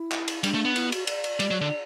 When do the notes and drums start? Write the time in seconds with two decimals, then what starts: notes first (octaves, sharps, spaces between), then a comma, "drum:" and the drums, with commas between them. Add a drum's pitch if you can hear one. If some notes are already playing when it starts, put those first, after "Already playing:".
Already playing: E4
0.12 drum: clap
0.28 drum: cymbal
0.44 G3 D4, drum: cymbal
0.55 A3
0.65 B3
0.76 E4, drum: cymbal
0.92 F#4, drum: cymbal
1.07 D5, drum: cymbal
1.24 drum: cymbal
1.40 G3, drum: cymbal
1.51 F#3
1.61 D3